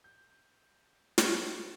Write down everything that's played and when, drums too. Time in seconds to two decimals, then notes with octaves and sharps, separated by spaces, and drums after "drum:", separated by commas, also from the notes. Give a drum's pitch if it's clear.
0.04 G6
1.18 C5 D5 D#5 F#5 G#5, drum: snare